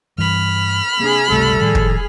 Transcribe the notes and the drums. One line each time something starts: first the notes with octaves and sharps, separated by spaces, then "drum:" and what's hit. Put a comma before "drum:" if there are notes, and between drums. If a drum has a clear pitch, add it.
G2 E3 B5 F6
C3 A#3 D4 G#4
G1 C#2 C3 G3 A3 A4
A2 D#3 F3 G#4
drum: kick